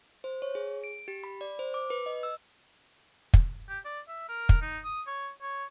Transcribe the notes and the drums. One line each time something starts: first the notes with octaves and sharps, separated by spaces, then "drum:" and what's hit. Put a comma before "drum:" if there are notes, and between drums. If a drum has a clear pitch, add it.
C5
C#5
G#4
D7
G4
B5
D5
C5
D6
B4
D#5
E6
drum: kick
G4
D5
E5
A#4
drum: kick
D#4
D#6
C#5
C#5